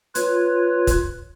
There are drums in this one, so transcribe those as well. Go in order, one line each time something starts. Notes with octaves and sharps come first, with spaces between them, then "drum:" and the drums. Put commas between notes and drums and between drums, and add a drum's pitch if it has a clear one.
F4 B4 C#5, drum: hi-hat
drum: kick, hi-hat